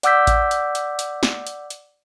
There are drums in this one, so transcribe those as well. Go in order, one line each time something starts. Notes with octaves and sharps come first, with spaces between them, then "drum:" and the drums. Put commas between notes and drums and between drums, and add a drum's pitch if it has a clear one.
D5 F#5 D6 E6 G6 B6, drum: hi-hat
drum: kick A1, hi-hat
drum: hi-hat
drum: hi-hat
drum: hi-hat
drum: snare
drum: hi-hat
drum: hi-hat